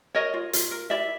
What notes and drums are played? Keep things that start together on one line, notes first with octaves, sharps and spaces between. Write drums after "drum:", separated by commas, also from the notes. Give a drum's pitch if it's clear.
A#4 C#5 D#5
F4
F4, drum: hi-hat
A#4
E4 D5 E5